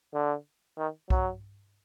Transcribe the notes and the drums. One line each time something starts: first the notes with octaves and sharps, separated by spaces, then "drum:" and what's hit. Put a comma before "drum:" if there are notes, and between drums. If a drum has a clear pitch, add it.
D3
D#3
F#3, drum: kick B1